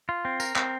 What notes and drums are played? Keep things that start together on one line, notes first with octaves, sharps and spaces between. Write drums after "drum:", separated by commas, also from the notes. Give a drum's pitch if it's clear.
F4
C4
A#4, drum: tambourine
C4, drum: clap